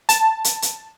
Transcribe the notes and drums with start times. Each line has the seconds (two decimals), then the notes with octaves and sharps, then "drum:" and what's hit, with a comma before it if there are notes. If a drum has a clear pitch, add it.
0.09 A5, drum: hi-hat
0.44 drum: hi-hat
0.62 drum: hi-hat